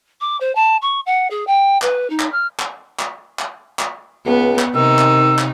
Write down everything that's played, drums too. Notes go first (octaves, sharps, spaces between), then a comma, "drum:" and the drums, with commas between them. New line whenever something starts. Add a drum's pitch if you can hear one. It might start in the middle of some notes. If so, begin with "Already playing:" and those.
D6
C5
A5
C#6
F#5
G#4
G5
B4, drum: clap
D#4
drum: clap
F6
drum: clap
drum: clap
drum: clap
drum: clap
C#2 B3
drum: clap
C3 D#3 D#4 E6
drum: clap
drum: clap